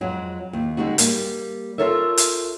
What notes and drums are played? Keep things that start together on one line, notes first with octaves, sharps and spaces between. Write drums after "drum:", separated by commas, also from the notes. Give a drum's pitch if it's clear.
F2 F#3 G#3
D#2
D3 G3 G#3 D#4 F#4
G3 A#3, drum: hi-hat
F4 F#4 A4 A#4 C#5 E5
drum: hi-hat